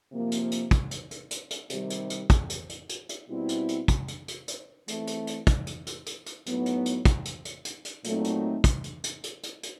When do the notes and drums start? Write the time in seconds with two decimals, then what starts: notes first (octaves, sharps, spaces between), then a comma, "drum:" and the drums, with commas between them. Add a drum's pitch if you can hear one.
0.12 C3 F3 A#3
0.32 drum: hi-hat
0.51 drum: hi-hat
0.71 drum: kick, hi-hat
0.91 drum: hi-hat
1.11 drum: hi-hat
1.31 drum: hi-hat
1.50 drum: hi-hat
1.70 C3 D#3 G3, drum: hi-hat
1.90 drum: hi-hat
2.10 drum: hi-hat
2.30 drum: kick, hi-hat
2.50 drum: hi-hat
2.69 drum: hi-hat
2.89 drum: hi-hat
3.09 drum: hi-hat
3.29 B2 G3 C4 E4
3.49 drum: hi-hat
3.69 drum: hi-hat
3.88 drum: kick, hi-hat
4.08 drum: hi-hat
4.28 drum: hi-hat
4.48 drum: hi-hat
4.88 E3 A3 C4, drum: hi-hat
5.07 drum: hi-hat
5.27 drum: hi-hat
5.47 drum: kick, hi-hat
5.67 drum: hi-hat
5.87 drum: hi-hat
6.06 drum: hi-hat
6.26 drum: hi-hat
6.46 A2 F#3 B3 D#4, drum: hi-hat
6.66 drum: hi-hat
6.86 drum: hi-hat
7.05 drum: kick, hi-hat
7.25 drum: hi-hat
7.45 drum: hi-hat
7.65 drum: hi-hat
7.85 drum: hi-hat
8.04 A#2 F#3 A3 C4 D#4, drum: hi-hat
8.24 drum: hi-hat
8.64 drum: kick, hi-hat
8.84 drum: hi-hat
9.04 drum: hi-hat
9.23 drum: hi-hat
9.43 drum: hi-hat
9.63 drum: hi-hat